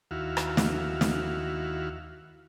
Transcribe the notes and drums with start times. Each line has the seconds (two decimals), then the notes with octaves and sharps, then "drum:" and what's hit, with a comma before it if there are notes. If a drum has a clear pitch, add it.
0.11 D#2 E4 F#4 F5
0.37 drum: rim click
0.57 drum: snare
1.01 drum: snare